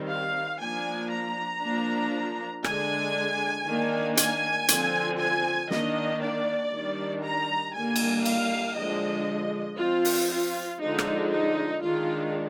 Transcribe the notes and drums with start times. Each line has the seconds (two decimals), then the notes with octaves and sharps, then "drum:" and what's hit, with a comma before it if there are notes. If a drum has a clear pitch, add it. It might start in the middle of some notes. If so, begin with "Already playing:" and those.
Already playing: D#3 G3 C4
0.09 F5
0.60 F3 A#3 D4 G#5
1.11 A#5
1.62 F3 A#3 D4
2.64 D3 G#3 D4 G#5, drum: rim click
3.66 D#3 A#3 D4
4.17 G#5, drum: hi-hat
4.68 D3 F3 C4, drum: hi-hat
5.19 G#5
5.71 D#3 A#3 D4 D#5, drum: snare
6.21 D5
6.72 D#3 G3 D4
7.23 A#5
7.74 D3 G3 A#3 G#5
7.96 drum: cymbal
8.25 F5, drum: cymbal
8.77 D3 F3 G#3 D4 D#5
9.78 F3 C4 F4
10.05 drum: open hi-hat
10.30 F4
10.81 D3 F3 G#3 D4 D#4
10.99 drum: rim click
11.32 D#4
11.82 D#3 G#3 D4 F4